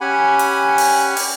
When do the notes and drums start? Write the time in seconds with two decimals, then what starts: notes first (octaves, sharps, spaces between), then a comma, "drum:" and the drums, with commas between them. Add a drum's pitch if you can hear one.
0.01 C#4 G4 F#5 G#5 B5
0.39 drum: hi-hat
0.78 drum: open hi-hat
1.17 drum: open hi-hat